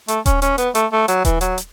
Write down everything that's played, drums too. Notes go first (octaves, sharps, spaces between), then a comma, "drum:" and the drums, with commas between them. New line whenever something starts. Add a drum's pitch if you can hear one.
A3, drum: hi-hat
C#4, drum: kick D#1, hi-hat
C#4, drum: hi-hat
B3, drum: hi-hat
A3, drum: hi-hat
A3
F#3, drum: hi-hat
E3, drum: kick D#1, hi-hat
F#3, drum: hi-hat
drum: hi-hat